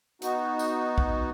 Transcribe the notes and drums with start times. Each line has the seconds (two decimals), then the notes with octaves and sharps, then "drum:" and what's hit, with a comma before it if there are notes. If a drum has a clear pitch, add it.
0.22 B3 D#4 F#4, drum: hi-hat
0.59 drum: tambourine
0.98 drum: kick B1